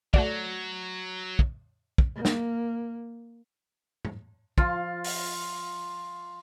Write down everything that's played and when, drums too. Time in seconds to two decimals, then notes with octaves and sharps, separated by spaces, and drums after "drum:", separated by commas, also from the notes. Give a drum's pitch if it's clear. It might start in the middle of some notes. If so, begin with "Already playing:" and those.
0.14 F#3 A3 F#4 D5, drum: kick
1.39 drum: kick
1.98 drum: kick
2.15 A#3
2.25 drum: snare
4.05 drum: tom G#2
4.58 F3 F4 C6 F6 A6, drum: kick
5.04 drum: open hi-hat